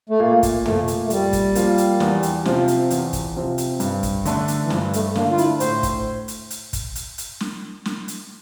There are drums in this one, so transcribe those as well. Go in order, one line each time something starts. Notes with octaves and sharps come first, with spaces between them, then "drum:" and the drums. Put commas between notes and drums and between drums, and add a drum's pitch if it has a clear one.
A3
A#2 A#3
drum: kick, hi-hat
F3 A3 A#3 F4, drum: tom
drum: hi-hat
A3
A#2 G3, drum: hi-hat
drum: kick, hi-hat
F3 A#3 F4, drum: hi-hat
drum: hi-hat
E2, drum: snare
drum: hi-hat
C3 F3 C4 F4, drum: snare
drum: hi-hat
E2, drum: hi-hat
drum: kick, hi-hat
C3 F3 C4 F4
drum: hi-hat
G2, drum: hi-hat
drum: kick, hi-hat
D3 A3 D4, drum: hi-hat
drum: hi-hat
E3
G2 F3, drum: snare
A3, drum: hi-hat
D3 A3 A#3 D4, drum: snare
F4
E4, drum: hi-hat
A2 C5, drum: hi-hat
drum: kick, hi-hat
drum: hi-hat
drum: hi-hat
drum: kick, hi-hat
drum: hi-hat
drum: hi-hat
drum: snare
drum: snare
drum: hi-hat